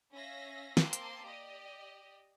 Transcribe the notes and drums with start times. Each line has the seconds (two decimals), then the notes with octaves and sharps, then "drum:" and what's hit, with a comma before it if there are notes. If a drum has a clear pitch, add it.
0.14 C#4 E5 F5 A#6
0.77 A#3 C4 A5 C6 D6, drum: snare
0.93 drum: hi-hat
1.25 G4 D5 D#5